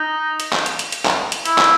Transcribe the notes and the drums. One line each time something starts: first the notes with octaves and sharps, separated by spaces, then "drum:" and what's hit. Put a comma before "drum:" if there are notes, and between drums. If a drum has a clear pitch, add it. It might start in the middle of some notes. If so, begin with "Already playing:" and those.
Already playing: D#4
drum: hi-hat
drum: clap
drum: hi-hat
drum: hi-hat
drum: hi-hat
drum: clap
drum: hi-hat
E4, drum: hi-hat
drum: clap